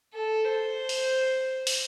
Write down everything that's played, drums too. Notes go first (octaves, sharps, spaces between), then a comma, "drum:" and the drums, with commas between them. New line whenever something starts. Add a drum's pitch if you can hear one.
A4
C5
drum: open hi-hat
drum: open hi-hat